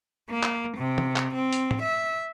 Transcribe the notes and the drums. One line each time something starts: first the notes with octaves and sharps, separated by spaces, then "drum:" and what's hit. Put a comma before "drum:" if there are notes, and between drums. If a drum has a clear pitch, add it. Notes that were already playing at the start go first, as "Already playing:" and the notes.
A#3
drum: clap
C3
drum: tom
drum: clap
C4
drum: hi-hat
drum: tom
E5